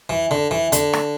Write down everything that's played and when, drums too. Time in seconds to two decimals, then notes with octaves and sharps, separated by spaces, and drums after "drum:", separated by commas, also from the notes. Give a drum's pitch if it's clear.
0.09 E3
0.31 D3
0.51 E3
0.72 D3, drum: hi-hat
0.93 drum: rim click